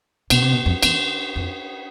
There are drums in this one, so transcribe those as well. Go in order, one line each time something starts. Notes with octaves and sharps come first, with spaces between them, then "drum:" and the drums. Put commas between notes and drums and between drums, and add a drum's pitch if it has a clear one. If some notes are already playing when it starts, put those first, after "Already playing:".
B2, drum: cymbal
C3
B2
F2
E2, drum: cymbal
F2